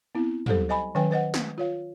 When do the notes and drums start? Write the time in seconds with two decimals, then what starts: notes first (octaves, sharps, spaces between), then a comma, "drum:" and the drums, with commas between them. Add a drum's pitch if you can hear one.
0.15 B3 C4 E4
0.46 F#3 G3 G4 A4 C5, drum: tom
0.69 C5 D#5 G#5 B5
0.95 D#3 F#3 C#4 B4 G5 G#5
1.11 B4 C5 D#5 F#5
1.34 drum: snare
1.58 F4 C#5 F5